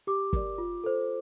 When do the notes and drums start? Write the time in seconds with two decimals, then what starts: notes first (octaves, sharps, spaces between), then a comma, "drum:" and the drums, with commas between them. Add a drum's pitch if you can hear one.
0.07 G4 D6
0.33 A#4 D5, drum: kick
0.58 F4
0.84 A4 C5